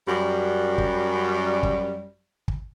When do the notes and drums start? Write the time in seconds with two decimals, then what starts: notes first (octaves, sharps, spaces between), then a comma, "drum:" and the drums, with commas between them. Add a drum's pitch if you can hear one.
0.07 F#2 G3
0.78 drum: kick
1.63 drum: kick
2.48 drum: kick